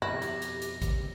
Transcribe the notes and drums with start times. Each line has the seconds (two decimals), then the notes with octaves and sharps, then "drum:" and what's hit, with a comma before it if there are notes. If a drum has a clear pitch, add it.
0.02 F2 B2 E4 G4 A#6
0.22 drum: hi-hat
0.42 drum: hi-hat
0.62 drum: hi-hat
0.82 drum: kick G#1, hi-hat